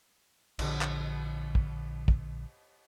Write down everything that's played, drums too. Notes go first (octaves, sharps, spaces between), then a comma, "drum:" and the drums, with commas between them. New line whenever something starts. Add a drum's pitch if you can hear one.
A#1 D3, drum: cymbal
drum: clap
drum: kick
drum: kick